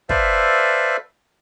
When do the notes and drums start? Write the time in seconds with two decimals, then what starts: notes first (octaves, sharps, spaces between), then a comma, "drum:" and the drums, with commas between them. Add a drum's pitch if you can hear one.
0.09 A4 B4 C5 D5 E5 F5, drum: kick